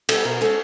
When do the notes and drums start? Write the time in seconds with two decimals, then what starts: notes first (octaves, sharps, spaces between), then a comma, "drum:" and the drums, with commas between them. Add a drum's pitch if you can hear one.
0.09 G3 B3 A4, drum: cymbal
0.25 B2 A#4
0.41 G#3 C#4 A4